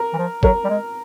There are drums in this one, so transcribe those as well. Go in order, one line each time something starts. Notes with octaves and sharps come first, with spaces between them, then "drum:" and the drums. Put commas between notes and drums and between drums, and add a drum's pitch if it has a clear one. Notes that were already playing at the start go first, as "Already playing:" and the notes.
Already playing: A#4
E3
F3
F#3 A#4, drum: kick
G3
G#3